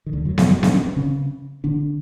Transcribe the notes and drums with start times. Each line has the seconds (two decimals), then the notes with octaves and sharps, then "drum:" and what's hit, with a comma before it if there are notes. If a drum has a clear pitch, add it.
0.06 D#3
0.13 D2 D3
0.25 F#2 F#3
0.38 F#2 F#3, drum: snare B3
0.51 G2 G3
0.63 D4, drum: snare B3
0.74 C#4
0.85 C4
0.96 C#3 C#4
1.64 D3 D4